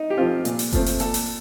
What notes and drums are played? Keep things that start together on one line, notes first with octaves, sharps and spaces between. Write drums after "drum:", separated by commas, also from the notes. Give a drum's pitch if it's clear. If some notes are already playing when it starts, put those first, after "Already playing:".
Already playing: D#4
G4
F3 C4 F4
A#2, drum: hi-hat
drum: open hi-hat
F3 A3 C4, drum: kick F#1, hi-hat
drum: open hi-hat
A#2 A4, drum: hi-hat
drum: open hi-hat